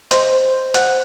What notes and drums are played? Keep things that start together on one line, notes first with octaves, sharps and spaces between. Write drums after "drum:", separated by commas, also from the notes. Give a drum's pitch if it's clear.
C5 D#5 C6, drum: hi-hat
C5
C5
C5 F#5 F#6, drum: hi-hat